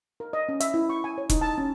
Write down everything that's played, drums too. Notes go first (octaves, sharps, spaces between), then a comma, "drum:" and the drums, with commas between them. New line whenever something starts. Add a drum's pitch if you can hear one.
A#4
D#5
C#4
E5, drum: hi-hat
E4
C#6
G#5
C#5
D#4, drum: kick E1, hi-hat
A5
C#4